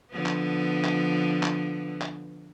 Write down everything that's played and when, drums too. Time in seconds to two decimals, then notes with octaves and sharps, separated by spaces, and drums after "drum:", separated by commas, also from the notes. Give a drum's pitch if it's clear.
0.11 D3 F3 B3
0.26 drum: clap
0.84 drum: clap
1.43 drum: clap
2.02 drum: clap